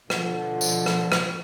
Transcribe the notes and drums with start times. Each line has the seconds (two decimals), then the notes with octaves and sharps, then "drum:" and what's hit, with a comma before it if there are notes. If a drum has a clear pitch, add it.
0.10 B2 D3 F3, drum: rim click
0.61 drum: tambourine
0.86 drum: rim click
1.12 drum: rim click